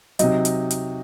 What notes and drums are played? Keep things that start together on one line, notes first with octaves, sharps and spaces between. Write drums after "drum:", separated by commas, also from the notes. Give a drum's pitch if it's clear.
C3 F#3 D#4 D#5, drum: hi-hat
drum: hi-hat
drum: hi-hat